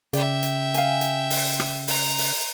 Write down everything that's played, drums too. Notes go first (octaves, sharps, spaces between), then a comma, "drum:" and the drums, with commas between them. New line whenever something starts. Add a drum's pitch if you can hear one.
C#3 D5 E5 G5, drum: hi-hat
drum: hi-hat
F5 G#5, drum: hi-hat
drum: hi-hat
drum: open hi-hat
drum: rim click
A#5, drum: open hi-hat
drum: open hi-hat